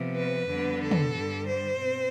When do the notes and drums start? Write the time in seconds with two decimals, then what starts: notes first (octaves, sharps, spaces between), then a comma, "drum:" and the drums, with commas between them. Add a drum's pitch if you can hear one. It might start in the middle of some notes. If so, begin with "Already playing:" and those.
Already playing: C3 F3 B3
0.15 B4
0.48 F2 D3 G3 B3
0.81 A4
0.91 drum: tom
1.14 G2 D3 G3
1.46 C5
1.80 B2 C4